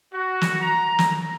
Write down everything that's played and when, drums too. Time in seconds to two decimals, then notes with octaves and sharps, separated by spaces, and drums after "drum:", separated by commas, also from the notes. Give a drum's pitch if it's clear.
0.13 F#4
0.41 drum: snare
0.59 A#5
0.99 drum: snare